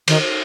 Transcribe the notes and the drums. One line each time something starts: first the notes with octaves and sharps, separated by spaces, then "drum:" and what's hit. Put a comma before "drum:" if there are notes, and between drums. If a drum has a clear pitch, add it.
D#3, drum: cymbal